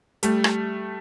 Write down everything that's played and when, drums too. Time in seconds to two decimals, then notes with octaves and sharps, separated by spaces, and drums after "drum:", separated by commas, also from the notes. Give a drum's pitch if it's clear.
0.23 G3 A3, drum: hi-hat
0.44 drum: rim click